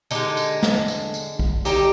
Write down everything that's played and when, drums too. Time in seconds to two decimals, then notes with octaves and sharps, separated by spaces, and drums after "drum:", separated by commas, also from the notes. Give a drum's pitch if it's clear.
0.11 D3 G#3 D#4 G4, drum: tambourine
0.37 drum: tambourine
0.63 drum: snare
0.88 drum: tambourine
1.14 drum: tambourine
1.39 drum: kick A#1
1.65 D3 G3 D#4 G4, drum: tambourine